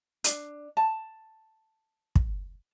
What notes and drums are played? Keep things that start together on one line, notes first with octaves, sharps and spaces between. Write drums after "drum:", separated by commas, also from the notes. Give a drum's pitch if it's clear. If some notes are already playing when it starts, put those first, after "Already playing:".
D4, drum: hi-hat
A5
drum: kick